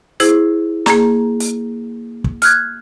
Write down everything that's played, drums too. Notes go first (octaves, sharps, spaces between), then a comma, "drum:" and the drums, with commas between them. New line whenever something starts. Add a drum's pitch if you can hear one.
E4 G#4 C5, drum: hi-hat
A#3 G#4 A#5, drum: snare
drum: hi-hat
drum: kick
F6 F#6 G#6, drum: hi-hat